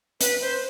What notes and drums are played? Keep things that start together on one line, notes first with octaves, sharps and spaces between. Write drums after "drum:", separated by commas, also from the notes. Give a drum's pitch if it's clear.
B4, drum: hi-hat
C5